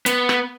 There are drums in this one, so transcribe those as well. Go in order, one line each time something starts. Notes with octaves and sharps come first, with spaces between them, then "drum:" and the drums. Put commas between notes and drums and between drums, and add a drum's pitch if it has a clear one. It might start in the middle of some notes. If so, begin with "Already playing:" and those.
B3, drum: hi-hat
drum: rim click